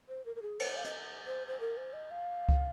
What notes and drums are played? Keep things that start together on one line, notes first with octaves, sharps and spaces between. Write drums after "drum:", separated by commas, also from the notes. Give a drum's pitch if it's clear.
C5
A#4
A#4
G#4
A#4, drum: cymbal
C5
F5
D#5, drum: hi-hat
C5
C5
A#4
C5
D#5
F5
drum: kick C#2